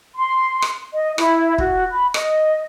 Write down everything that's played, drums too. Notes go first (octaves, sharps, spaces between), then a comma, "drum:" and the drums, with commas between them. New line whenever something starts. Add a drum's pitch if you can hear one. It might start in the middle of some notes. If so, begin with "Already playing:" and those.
C6
drum: rim click
D#5
E4, drum: rim click
F#4, drum: kick
B5
D#5, drum: rim click